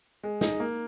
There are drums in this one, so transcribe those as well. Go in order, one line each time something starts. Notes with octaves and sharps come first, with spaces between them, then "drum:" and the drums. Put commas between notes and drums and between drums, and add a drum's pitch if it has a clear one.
G#3
D#4, drum: snare
A#3